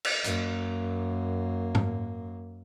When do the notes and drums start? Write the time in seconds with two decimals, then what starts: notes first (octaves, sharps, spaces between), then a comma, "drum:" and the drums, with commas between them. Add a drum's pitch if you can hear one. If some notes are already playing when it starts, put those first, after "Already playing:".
0.05 drum: cymbal
0.24 F#2 A#3, drum: hi-hat
1.75 drum: tom G#2